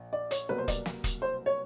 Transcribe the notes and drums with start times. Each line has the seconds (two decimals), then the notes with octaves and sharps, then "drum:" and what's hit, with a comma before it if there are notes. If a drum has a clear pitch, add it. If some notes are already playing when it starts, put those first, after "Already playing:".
Already playing: A#1
0.13 D5
0.31 C#5, drum: hi-hat
0.49 C2 B2 F#3 A#3 B4
0.58 C5
0.68 D5, drum: kick, hi-hat
0.86 drum: snare
1.04 drum: kick, hi-hat
1.22 C5
1.46 C#5